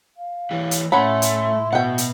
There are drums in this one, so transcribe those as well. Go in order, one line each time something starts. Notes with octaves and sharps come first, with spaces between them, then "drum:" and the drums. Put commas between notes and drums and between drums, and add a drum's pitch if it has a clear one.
F5
E3 G4
drum: hi-hat
A2 A3 C#4 E4 F#5 B5 C6
drum: hi-hat
B2 F#4 F#5 G5
drum: hi-hat